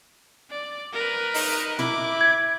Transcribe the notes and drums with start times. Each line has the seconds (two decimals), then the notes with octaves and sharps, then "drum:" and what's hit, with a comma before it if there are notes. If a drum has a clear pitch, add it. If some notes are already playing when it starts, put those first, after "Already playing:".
0.50 D5
0.93 A#4 B4
1.34 D#4, drum: open hi-hat
1.79 E4 D6, drum: tom
2.21 G#6